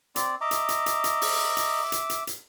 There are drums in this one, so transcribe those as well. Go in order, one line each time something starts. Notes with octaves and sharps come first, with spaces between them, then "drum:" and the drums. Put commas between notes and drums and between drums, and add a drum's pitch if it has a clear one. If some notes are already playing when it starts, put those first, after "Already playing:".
C4 D5, drum: hi-hat
D#5 E5 A#5 D6
drum: hi-hat
drum: hi-hat
drum: hi-hat
drum: hi-hat
drum: open hi-hat
drum: hi-hat
E5 D6
drum: hi-hat
drum: hi-hat
drum: hi-hat